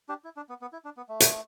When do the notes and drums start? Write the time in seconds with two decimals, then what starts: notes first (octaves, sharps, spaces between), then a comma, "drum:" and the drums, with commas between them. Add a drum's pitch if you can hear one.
0.09 D4 G4
0.24 E4
0.36 D4
0.49 B3
0.61 B3
0.73 E4
0.85 D4
0.97 B3
1.09 A3
1.20 drum: hi-hat